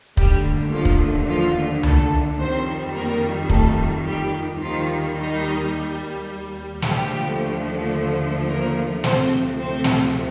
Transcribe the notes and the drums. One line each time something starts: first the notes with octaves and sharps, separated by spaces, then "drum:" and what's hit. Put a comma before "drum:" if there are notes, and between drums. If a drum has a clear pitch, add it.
D#2 D3 G3 A3 G4, drum: kick
F3 F4
drum: kick
F3 F4
A3 A4, drum: tom C#2
F2 D#3 G3 C4 C5
A#3 A#4
A3 A4, drum: kick
G3 G4
D#2 D#3 F3 G3 F4
D#3 D#4
D#2 D3 F3 G3 A3 G4, drum: snare
A#3 A#4
D2 C3 F3 A3 C4 C5, drum: snare
C4 C5
drum: snare